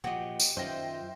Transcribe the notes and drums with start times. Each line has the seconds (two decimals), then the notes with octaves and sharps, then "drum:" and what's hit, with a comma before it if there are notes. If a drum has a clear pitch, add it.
0.04 A#2 F3 F#4 G4 C5 D#5
0.40 drum: tambourine
0.57 F#2 D#3 F4 C5 D#5 E5 G5 A#6